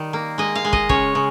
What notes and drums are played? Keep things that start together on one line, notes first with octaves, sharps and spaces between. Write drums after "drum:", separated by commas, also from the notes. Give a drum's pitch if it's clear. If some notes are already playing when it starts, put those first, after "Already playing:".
Already playing: D#3 G3
A#3
G#3 D#5
F5
G#3
D#5, drum: kick
C#3 C#5, drum: kick
C#3